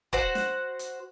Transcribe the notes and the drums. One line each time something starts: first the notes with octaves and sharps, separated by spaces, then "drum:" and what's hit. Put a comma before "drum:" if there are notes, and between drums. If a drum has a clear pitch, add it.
F#4 C5 F#5, drum: kick
drum: snare
drum: hi-hat